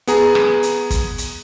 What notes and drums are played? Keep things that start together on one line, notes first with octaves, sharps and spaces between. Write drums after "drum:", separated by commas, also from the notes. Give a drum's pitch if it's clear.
B3 G#4 A#5, drum: hi-hat
drum: rim click
drum: hi-hat
drum: kick, hi-hat
drum: hi-hat